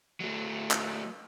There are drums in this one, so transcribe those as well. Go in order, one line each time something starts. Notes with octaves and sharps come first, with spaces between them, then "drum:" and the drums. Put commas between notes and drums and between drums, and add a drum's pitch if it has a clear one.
F#3 A3
drum: clap